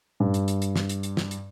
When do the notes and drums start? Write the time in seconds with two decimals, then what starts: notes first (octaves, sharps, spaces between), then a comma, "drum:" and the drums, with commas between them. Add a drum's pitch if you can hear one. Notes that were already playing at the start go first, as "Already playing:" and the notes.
0.20 G2
0.34 drum: hi-hat
0.48 drum: hi-hat
0.62 drum: hi-hat
0.76 drum: snare
0.89 drum: hi-hat
1.03 drum: hi-hat
1.17 drum: snare
1.31 drum: hi-hat